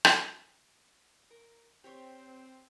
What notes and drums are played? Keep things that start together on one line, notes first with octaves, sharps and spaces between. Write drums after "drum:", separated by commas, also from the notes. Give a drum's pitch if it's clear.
drum: rim click
A#4
C4 G4 C#5